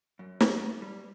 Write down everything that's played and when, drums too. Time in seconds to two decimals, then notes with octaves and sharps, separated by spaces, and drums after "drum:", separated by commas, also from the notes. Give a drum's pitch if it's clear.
0.19 F#2
0.41 drum: snare
0.82 G3